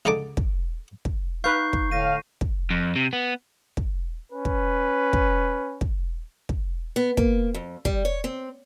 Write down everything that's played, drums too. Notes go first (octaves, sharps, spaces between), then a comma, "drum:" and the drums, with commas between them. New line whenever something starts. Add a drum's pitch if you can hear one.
C#2 D3 D#4 A5 D6
drum: kick
drum: kick
D#4 B4 F5 C#6 G6 C7
drum: kick
A2 D3 F5 A#6 D#7
drum: kick
F2
C3
B3
drum: kick
C#4 B4
drum: kick
drum: kick
drum: kick
drum: kick
B3
A#3, drum: kick
F2
G3, drum: kick
C#5
C4